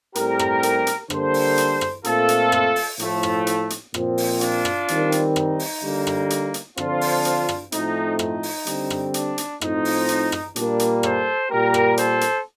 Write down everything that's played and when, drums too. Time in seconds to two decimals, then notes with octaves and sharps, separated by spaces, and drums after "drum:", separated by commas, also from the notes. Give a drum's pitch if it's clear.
0.15 A2 G3 C4 G4 A#4, drum: hi-hat
0.39 drum: rim click
0.63 drum: hi-hat
0.87 drum: hi-hat
1.10 D3 G3 A#3 A4 C5, drum: rim click
1.34 drum: open hi-hat
1.58 drum: hi-hat
1.81 drum: rim click
2.04 A#2 A3 C4 F4 A4, drum: hi-hat
2.29 drum: hi-hat
2.52 drum: rim click
2.76 drum: open hi-hat
2.99 A2 F3 A3, drum: hi-hat
3.23 drum: rim click
3.47 drum: hi-hat
3.70 drum: hi-hat
3.94 A#2 F3 C4, drum: rim click
4.18 drum: open hi-hat
4.41 D4 F4, drum: hi-hat
4.65 drum: rim click
4.88 D#3 G3 C4, drum: hi-hat
5.12 drum: hi-hat
5.36 D#4, drum: rim click
5.59 drum: open hi-hat
5.83 D3 G3 A#3
6.07 drum: rim click
6.30 drum: hi-hat
6.54 drum: hi-hat
6.77 D3 F3 C4 D4 F4, drum: rim click
7.01 drum: open hi-hat
7.25 drum: hi-hat
7.49 drum: rim click
7.72 A2 F3 A3 C4 D#4, drum: hi-hat
8.19 D#4, drum: rim click
8.43 drum: open hi-hat
8.67 D3 G3 C4, drum: hi-hat
8.90 drum: rim click
9.14 D4, drum: hi-hat
9.38 drum: hi-hat
9.61 A2 F3 C4 D#4, drum: rim click
9.85 drum: open hi-hat
10.09 drum: hi-hat
10.32 drum: rim click
10.56 A#2 G3 A#3 D4, drum: hi-hat
10.79 drum: hi-hat
11.03 A4 C5, drum: rim click
11.50 A#2 G3 A#3 G4 A#4
11.74 drum: rim click
11.97 A4 C5, drum: hi-hat
12.21 drum: hi-hat